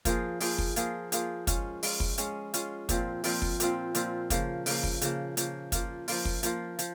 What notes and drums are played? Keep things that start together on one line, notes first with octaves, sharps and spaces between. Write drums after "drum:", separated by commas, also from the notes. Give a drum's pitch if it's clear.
F3 A#3 F4 G#4, drum: kick, hi-hat
F3 A#3 F4 G#4, drum: open hi-hat
drum: kick
F3 A#3 F4 G#4, drum: hi-hat
F3 A#3 F4 G#4, drum: hi-hat
G#3 C#4 F4, drum: kick, hi-hat
G#3 C#4 F4, drum: open hi-hat
drum: kick
G#3 C#4 F4, drum: hi-hat
G#3 C#4 F4, drum: hi-hat
A#2 F3 C4 F4, drum: kick, hi-hat
A#2 F3 C4 F4, drum: open hi-hat
drum: kick
A#2 F3 C4 F4, drum: hi-hat
A#2 F3 C4 F4, drum: hi-hat
C#3 F3 A#3, drum: kick, hi-hat
C#3 F3 A#3, drum: open hi-hat
drum: kick
C#3 F3 A#3, drum: hi-hat
C#3 F3 A#3, drum: hi-hat
F3 A#3 F4, drum: kick, hi-hat
F3 A#3 F4, drum: open hi-hat
drum: kick
F3 A#3 F4, drum: hi-hat
F3, drum: hi-hat